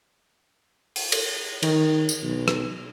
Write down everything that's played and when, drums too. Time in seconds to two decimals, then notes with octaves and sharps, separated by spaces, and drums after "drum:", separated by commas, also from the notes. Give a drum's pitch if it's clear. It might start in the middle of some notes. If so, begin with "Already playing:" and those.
0.96 drum: open hi-hat
1.12 drum: cymbal
1.63 D#3, drum: cymbal
2.09 drum: tambourine
2.23 B1
2.48 drum: rim click